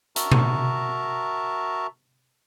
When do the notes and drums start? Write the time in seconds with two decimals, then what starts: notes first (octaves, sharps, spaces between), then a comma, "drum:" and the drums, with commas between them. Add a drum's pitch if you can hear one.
0.16 F#4 A#4 E5 A5 A#5, drum: hi-hat
0.32 drum: tom B2